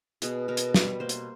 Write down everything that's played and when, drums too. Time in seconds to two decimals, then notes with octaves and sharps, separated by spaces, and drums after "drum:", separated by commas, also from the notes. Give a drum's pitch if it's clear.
0.22 B2 G#4, drum: hi-hat
0.48 B2 A#4
0.57 drum: hi-hat
0.74 G3 B4, drum: snare
1.00 A#3 C5
1.09 drum: hi-hat